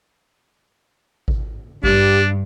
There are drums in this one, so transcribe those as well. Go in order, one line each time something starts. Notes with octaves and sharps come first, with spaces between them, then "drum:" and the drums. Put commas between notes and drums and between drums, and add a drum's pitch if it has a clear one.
drum: kick G#1
G2 D4 G4, drum: kick G#1